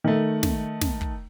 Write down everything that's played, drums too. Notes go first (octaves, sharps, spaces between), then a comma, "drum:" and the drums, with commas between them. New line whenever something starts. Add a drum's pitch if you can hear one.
D#3 A3
drum: snare
drum: snare
drum: kick